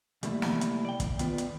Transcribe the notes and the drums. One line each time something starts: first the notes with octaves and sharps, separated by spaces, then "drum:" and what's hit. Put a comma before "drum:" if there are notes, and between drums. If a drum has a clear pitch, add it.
C2 G3 A3 A#3 E4, drum: hi-hat
drum: snare
drum: hi-hat
D5 G5
drum: kick, hi-hat
D#3 B3 F4 B4 D5, drum: hi-hat
drum: hi-hat